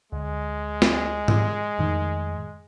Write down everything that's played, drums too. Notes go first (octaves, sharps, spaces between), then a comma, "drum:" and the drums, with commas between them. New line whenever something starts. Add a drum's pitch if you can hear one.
D2 G#3
drum: snare
drum: tom G#2
F2 A2 D#3